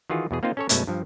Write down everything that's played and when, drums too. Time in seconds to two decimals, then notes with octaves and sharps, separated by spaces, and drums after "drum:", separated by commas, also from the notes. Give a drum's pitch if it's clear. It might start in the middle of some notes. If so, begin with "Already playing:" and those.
0.10 D#3 E3 F4 F#4 G#4
0.31 E2 B2 G#4
0.43 A#3 C4 D#4 F4 C5
0.57 C#4 A4 C#5
0.69 F#2 B2 G#3 A3 C#4, drum: hi-hat
0.87 G2 F3